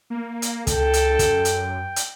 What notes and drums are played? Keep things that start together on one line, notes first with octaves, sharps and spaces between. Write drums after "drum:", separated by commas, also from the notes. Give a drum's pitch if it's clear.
A#3
drum: hi-hat
C#2 A4 G5, drum: kick, hi-hat
drum: hi-hat
F#2, drum: kick, hi-hat
drum: hi-hat
drum: hi-hat